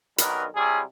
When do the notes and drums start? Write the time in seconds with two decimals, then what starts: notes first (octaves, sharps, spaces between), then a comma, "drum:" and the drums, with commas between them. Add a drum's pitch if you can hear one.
0.18 B1 G2 D#3 F#3 A#4 B4, drum: hi-hat
0.56 C3 F#3 G3 E4 G4 G#4